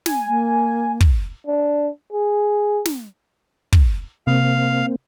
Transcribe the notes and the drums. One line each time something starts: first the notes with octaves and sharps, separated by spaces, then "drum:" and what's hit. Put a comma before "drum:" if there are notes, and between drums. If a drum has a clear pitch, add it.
G#5, drum: snare
A#3
drum: kick
D4
G#4
drum: snare
drum: kick
C3 A#3 C4 F5